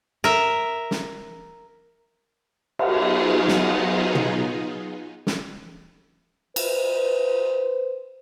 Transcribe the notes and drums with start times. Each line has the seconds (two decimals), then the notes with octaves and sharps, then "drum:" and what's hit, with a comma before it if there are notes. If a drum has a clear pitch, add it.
0.24 A#4 E5
0.91 drum: snare
2.79 F#3 B3 D#4 F4 G#4, drum: cymbal
3.48 drum: snare
4.15 drum: tom
5.27 drum: snare
6.56 B4 C5, drum: cymbal